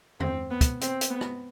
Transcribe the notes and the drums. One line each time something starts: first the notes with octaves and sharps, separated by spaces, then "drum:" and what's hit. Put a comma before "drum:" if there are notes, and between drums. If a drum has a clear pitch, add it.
C4, drum: tom E2
B3
drum: kick, hi-hat
C4, drum: hi-hat
drum: hi-hat
B3
drum: rim click